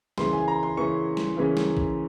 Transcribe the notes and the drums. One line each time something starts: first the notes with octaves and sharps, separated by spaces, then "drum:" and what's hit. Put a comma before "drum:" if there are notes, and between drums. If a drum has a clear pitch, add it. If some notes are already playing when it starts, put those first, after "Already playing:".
C#3 E3 A#3 C#4 C6, drum: snare
G#5
A#5
C6
C#3 E3 A#3 C#4 C#6
drum: snare
C#3 E3 A#3 C#4
drum: snare
drum: kick A#1